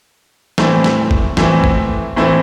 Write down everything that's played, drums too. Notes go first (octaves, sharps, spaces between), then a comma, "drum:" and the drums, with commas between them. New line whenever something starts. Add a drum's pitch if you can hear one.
A2 E3 A3 C4 E4, drum: snare
drum: snare
drum: kick
A2 E3 A3 C4 E4, drum: snare
drum: kick
A2 E3 A3 C4 E4